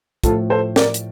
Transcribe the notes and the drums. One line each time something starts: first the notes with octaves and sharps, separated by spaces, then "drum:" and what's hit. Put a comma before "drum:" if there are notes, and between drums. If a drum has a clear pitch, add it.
A2 F3 F4 A4, drum: kick, hi-hat
A4 C5
A#4 D5, drum: snare
drum: hi-hat